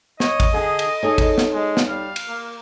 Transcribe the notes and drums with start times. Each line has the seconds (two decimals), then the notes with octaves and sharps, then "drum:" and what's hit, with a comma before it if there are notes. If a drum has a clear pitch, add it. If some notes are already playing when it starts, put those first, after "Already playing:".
0.20 C#5 D#5, drum: snare
0.40 drum: kick G#1, cymbal
0.53 D3 G#4
0.79 drum: cymbal
1.03 D#4 G#4 A4 C#5
1.18 drum: kick G#1, cymbal
1.38 drum: snare
1.53 G#3
1.77 drum: snare
1.88 G3 F5
2.16 drum: cymbal
2.28 A#3